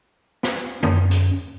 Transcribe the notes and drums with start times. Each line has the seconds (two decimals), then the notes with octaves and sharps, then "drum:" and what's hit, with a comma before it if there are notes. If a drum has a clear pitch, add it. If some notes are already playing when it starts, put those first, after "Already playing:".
0.43 drum: snare
0.83 F#2, drum: tom D3
1.11 drum: hi-hat